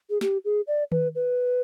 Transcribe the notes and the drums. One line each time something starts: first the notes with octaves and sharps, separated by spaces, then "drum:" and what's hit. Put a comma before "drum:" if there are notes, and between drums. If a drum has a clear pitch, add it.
G#4
G4, drum: snare
G#4
D5
B4, drum: tom D#3
B4